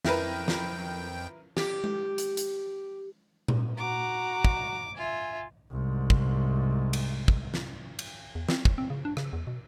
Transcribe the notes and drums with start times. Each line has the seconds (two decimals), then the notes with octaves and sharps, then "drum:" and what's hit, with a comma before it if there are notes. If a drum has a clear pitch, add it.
0.05 F2 E4 A#4 B4 G5, drum: snare
0.48 drum: snare
1.57 G4, drum: snare
1.84 drum: tom G#3
2.18 drum: hi-hat
2.37 drum: hi-hat
3.48 drum: tom A#2
3.77 F#4 A#5 D6
4.44 drum: kick
4.97 F4 E5 G#5
5.72 C2 G#2
6.10 drum: kick
6.93 drum: cymbal
7.28 drum: kick
7.54 drum: snare
7.99 drum: cymbal
8.35 E2
8.49 C4, drum: snare
8.65 E1, drum: kick
8.78 C4
8.90 C#3
9.05 D4
9.17 C#3, drum: rim click
9.33 E2
9.47 B2